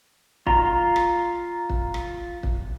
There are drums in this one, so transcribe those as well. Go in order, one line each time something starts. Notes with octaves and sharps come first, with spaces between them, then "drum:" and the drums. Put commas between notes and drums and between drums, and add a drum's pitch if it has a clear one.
F4 A#5, drum: kick
drum: rim click
drum: kick
drum: rim click
drum: kick